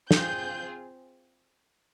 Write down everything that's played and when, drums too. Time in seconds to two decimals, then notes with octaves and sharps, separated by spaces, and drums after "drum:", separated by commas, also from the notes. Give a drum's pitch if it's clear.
0.11 C4 F4 G#4 G6, drum: snare